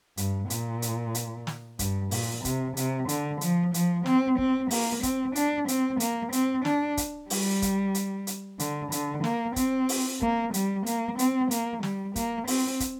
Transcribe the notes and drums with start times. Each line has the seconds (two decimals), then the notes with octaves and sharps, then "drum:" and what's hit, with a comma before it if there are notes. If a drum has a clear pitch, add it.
0.17 G2, drum: hi-hat
0.50 A#2, drum: hi-hat
0.82 drum: hi-hat
1.15 drum: hi-hat
1.47 drum: snare
1.79 G2, drum: kick, hi-hat
2.11 A#2, drum: open hi-hat
2.45 C3, drum: kick, hi-hat
2.77 C3, drum: hi-hat
3.09 D3, drum: hi-hat
3.41 F3, drum: hi-hat
3.74 F3, drum: hi-hat
4.06 C4, drum: snare
4.38 C4, drum: kick
4.71 A#3, drum: open hi-hat
5.03 C4, drum: kick, hi-hat
5.35 D4, drum: hi-hat
5.68 C4, drum: hi-hat
6.00 A#3, drum: hi-hat
6.32 C4, drum: hi-hat
6.65 D4, drum: snare
6.97 drum: kick, hi-hat
7.30 G3, drum: open hi-hat
7.62 drum: kick, hi-hat
7.95 drum: hi-hat
8.27 drum: hi-hat
8.59 D3, drum: hi-hat
8.92 D3, drum: hi-hat
9.24 A#3, drum: snare
9.56 C4, drum: kick, hi-hat
9.89 drum: open hi-hat
10.22 A#3, drum: kick
10.54 G3, drum: hi-hat
10.86 A#3, drum: hi-hat
11.19 C4, drum: hi-hat
11.51 A#3, drum: hi-hat
11.83 G3, drum: snare
12.16 A#3, drum: kick, hi-hat
12.47 C4, drum: open hi-hat
12.80 drum: kick, hi-hat